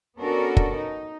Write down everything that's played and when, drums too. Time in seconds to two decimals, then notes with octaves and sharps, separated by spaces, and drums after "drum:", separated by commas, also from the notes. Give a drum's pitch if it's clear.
0.19 B3 C#4 D4 F#4 A4 A#4
0.57 drum: kick
0.76 D#4